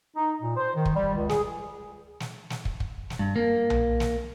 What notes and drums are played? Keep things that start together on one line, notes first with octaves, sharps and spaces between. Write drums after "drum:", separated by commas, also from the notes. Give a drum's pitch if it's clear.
D#4
A#2
C5
D#3
drum: kick
G3
C#2
G#4, drum: snare
drum: snare
drum: snare
drum: kick
drum: kick
drum: snare
G2
A#3
drum: tom B1
drum: snare